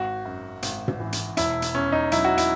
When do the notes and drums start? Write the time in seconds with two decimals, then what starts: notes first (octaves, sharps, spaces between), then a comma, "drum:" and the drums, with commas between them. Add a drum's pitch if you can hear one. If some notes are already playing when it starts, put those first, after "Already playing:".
Already playing: G#1 F#4
0.25 F#2
0.62 G#1, drum: hi-hat
0.88 drum: tom
1.00 E3
1.13 drum: hi-hat
1.37 E1 E4, drum: hi-hat
1.62 drum: hi-hat
1.74 E2 C#4
1.92 D#4
2.12 F#3 E4, drum: hi-hat
2.25 F#4
2.38 E4, drum: hi-hat